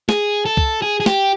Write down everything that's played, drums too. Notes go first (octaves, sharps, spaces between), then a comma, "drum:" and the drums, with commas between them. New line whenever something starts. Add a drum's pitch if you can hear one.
G#4, drum: snare
A4
drum: kick C2
G#4
G#4
G4, drum: snare